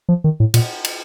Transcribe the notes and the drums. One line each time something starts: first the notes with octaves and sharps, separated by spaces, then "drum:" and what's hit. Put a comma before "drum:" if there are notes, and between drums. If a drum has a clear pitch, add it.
F3
D#3
A2
A#2, drum: cymbal
drum: cymbal